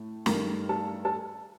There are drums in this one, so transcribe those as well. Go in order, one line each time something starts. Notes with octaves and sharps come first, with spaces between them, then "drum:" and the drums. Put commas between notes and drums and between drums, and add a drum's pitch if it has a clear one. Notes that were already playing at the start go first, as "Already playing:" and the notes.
Already playing: A2 A3
G2 D#3 A3 A#4, drum: snare
A4
A4